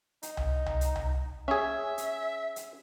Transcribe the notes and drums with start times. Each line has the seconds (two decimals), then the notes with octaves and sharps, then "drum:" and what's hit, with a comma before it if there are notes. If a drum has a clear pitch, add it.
0.23 D#4, drum: hi-hat
0.37 drum: tom C2
0.66 drum: tom C2
0.81 drum: hi-hat
0.96 drum: tom C2
1.48 C#4 G#4 E5
1.98 drum: hi-hat
2.56 drum: hi-hat